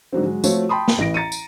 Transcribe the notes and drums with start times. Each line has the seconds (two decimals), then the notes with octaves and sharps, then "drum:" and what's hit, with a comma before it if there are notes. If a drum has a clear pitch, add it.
0.13 G#2 D3 F#3 C4
0.25 F#3 G#3
0.44 F3 A3 C4 F4 F#4 C#5, drum: tambourine
0.69 G5 A5 B5 C6 D#6
0.88 drum: snare
0.98 A1 E3 A#6 D7
1.14 A#5 A6 C#7 D#7
1.32 drum: tambourine